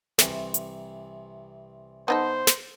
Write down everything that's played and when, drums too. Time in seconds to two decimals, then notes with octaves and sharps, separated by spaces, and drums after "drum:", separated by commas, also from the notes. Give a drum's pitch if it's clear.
0.19 C2 C3 E3, drum: snare
0.54 drum: hi-hat
2.08 B3 D#4 A4 C5
2.47 drum: snare